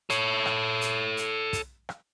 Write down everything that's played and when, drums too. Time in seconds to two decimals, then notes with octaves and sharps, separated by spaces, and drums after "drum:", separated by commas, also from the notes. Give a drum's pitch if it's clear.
0.10 A4 C#5, drum: hi-hat
0.45 drum: rim click
0.81 drum: hi-hat
1.17 drum: hi-hat
1.53 drum: kick, hi-hat
1.89 drum: rim click